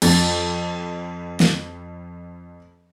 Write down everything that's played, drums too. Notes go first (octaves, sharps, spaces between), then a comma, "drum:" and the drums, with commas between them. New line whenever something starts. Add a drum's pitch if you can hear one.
F2 A6, drum: cymbal
drum: snare